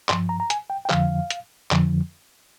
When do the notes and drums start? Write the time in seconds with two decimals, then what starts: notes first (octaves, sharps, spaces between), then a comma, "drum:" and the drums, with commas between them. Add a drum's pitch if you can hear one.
0.09 G2 F3 C6, drum: clap
0.29 A#5
0.40 A#5
0.50 G#5, drum: hi-hat
0.70 G5
0.85 G5
0.90 F2 D3 F3 F5, drum: clap
1.30 drum: hi-hat
1.71 F2 D3 F3, drum: clap